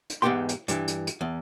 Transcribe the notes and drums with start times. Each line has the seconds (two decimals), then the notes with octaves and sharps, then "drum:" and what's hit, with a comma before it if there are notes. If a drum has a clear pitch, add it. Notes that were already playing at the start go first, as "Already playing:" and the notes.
0.10 drum: hi-hat
0.22 E2 G#2 B3 G4 G5 C6
0.49 drum: hi-hat
0.68 G2 E3, drum: hi-hat
0.88 drum: hi-hat
1.07 drum: hi-hat
1.21 E2